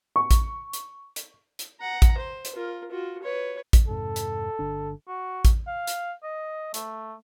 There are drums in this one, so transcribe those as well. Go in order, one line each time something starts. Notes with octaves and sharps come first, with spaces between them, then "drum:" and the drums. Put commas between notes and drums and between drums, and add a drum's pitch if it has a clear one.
C#6
drum: kick A1, hi-hat
drum: hi-hat
drum: hi-hat
drum: hi-hat
F#5 A#5
drum: kick A1, hi-hat
C5
drum: hi-hat
F4 A#4
F4 F#4
B4 C#5
drum: kick A1, hi-hat
F2 G#2 C3 A4
drum: hi-hat
G1 D3 D4
F#4
drum: kick A1, hi-hat
F5
drum: hi-hat
D#5
A3, drum: hi-hat